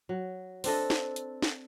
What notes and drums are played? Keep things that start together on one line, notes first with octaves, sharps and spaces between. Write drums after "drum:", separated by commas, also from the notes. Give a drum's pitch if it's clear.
F#3
C4 D4 A4 D#5, drum: open hi-hat
drum: snare
drum: hi-hat
drum: snare